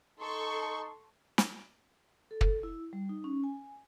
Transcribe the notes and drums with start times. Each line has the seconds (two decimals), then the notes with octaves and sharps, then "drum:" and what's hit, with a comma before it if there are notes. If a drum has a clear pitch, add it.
0.20 D#4 A4 C6 C#6
1.38 drum: snare
2.31 A4
2.41 drum: kick
2.63 E4
2.93 G3
3.09 D#4
3.24 C#4
3.44 G#5